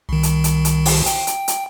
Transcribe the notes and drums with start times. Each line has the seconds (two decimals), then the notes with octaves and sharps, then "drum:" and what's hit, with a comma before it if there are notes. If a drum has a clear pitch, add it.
0.09 C2 D#3
0.23 drum: hi-hat
0.44 drum: hi-hat
0.65 drum: hi-hat
0.85 drum: open hi-hat
1.06 G5, drum: hi-hat
1.27 drum: hi-hat
1.48 drum: hi-hat